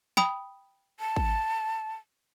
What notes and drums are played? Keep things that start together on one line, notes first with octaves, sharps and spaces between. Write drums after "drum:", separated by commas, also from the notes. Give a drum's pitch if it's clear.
G5 B5 D#6, drum: snare
A5
drum: kick G#1